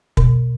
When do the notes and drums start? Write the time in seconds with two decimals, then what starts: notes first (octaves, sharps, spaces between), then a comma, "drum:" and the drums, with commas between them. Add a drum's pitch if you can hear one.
0.17 B2, drum: kick